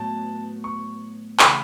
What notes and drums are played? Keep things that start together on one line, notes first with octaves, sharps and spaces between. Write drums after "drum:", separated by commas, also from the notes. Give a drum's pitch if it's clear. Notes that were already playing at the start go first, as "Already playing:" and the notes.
Already playing: A2 F#3 B3 A5
C#6
C#3 E3 A3 B5, drum: clap